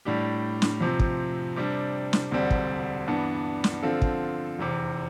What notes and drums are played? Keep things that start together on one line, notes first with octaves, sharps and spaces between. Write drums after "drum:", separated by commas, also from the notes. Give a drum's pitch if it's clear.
A2 G3 D4 G4
drum: snare
F2 C3 F3 C4
drum: kick
C3 G3 D4
drum: snare
E1 D2 D3 G3 C4
drum: kick
G2 E3 B3 D4
drum: snare
D3 F3 C4 F4 A4
drum: kick
F1 E2 C3